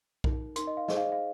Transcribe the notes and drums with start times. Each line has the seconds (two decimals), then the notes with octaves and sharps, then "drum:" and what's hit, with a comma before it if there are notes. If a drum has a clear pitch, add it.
0.24 D#4 A#4, drum: kick B1
0.56 D#4 A#4 C6, drum: hi-hat
0.67 D#5
0.77 F5
0.88 D#4 G#4 C5 D#5, drum: snare
0.97 F5
1.05 D#5
1.12 F5